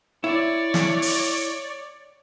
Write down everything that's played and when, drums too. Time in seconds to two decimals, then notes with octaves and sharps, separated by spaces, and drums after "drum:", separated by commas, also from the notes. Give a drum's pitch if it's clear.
0.24 E4 C#5 D5
0.74 drum: snare
1.02 drum: open hi-hat